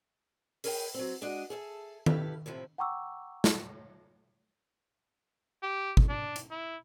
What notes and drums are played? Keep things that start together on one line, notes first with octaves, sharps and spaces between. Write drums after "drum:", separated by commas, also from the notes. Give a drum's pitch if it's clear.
G#4 A#4 B4 C#5 F5 G5, drum: open hi-hat
F#3 C4
G#3 D4 F#4 D#5
G#4 A4 E5
E4 G4 A4 B4 F5, drum: tom D#3
A2 C3 F3 E4
F#5 G5 A#5 C#6 D6 E6
drum: snare
G4
drum: kick
D4
drum: hi-hat
E4